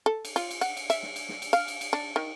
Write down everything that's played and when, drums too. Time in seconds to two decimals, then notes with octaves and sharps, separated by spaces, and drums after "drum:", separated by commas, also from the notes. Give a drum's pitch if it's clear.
0.06 A4
0.25 drum: cymbal
0.36 F4, drum: cymbal
0.51 drum: cymbal
0.61 F#5, drum: cymbal
0.77 drum: cymbal
0.90 E5, drum: cymbal
1.03 drum: snare
1.16 drum: cymbal
1.29 drum: snare
1.42 drum: cymbal
1.53 F5, drum: cymbal
1.68 drum: cymbal
1.81 drum: cymbal
1.93 D4
2.16 D#3